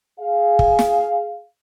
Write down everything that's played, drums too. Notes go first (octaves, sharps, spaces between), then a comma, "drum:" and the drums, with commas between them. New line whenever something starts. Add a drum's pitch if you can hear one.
G#4 F5
drum: kick
drum: snare